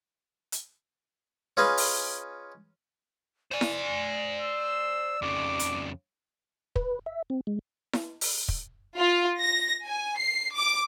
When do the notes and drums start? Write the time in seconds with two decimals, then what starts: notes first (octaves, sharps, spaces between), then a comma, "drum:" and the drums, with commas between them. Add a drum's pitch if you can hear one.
0.52 drum: hi-hat
1.57 C#4 F4 G#4 B4 D#5
1.77 drum: open hi-hat
3.52 C5 D5 G#5
3.61 drum: snare E4
4.42 E6
5.22 F2 C#3 D6
5.59 drum: hi-hat
6.76 B4, drum: kick
7.06 E5
7.30 C4
7.47 G#3
7.93 drum: snare E4
8.21 drum: open hi-hat
8.48 drum: kick
8.98 F4
9.40 A#6
9.86 G#5
10.18 C7
10.56 D6